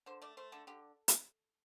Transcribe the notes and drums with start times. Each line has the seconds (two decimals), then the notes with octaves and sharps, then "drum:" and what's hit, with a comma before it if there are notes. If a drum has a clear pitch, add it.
0.06 D3 C5
0.22 A3 D5
0.37 A3 C5
0.52 D3 A4
0.67 D3 G4
1.08 drum: hi-hat